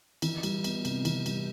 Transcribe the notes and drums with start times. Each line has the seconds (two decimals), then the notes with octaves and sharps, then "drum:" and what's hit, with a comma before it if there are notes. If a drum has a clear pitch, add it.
0.22 E3, drum: cymbal
0.43 G3, drum: cymbal
0.64 B3, drum: cymbal
0.85 C3, drum: cymbal
1.05 E3, drum: cymbal
1.26 G3, drum: cymbal